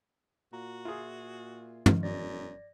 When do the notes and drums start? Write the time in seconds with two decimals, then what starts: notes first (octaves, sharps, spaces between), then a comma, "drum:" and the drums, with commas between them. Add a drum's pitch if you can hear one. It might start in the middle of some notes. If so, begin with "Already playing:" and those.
0.53 A#2 F#4 A#5
0.85 F4 G#4 E5
1.86 D#5, drum: tom
2.03 E1 F#2 D5 A6 A#6